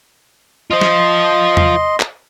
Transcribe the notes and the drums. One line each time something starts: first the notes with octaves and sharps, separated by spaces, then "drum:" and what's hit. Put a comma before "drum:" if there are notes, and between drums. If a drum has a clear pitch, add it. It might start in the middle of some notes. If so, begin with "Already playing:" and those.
F4 C5 D#5 C6
drum: snare
drum: tom E2
drum: clap